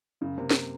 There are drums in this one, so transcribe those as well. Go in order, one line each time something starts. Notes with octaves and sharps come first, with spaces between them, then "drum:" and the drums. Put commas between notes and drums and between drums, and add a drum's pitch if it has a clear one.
F#2 C#3
C3 A#3
drum: snare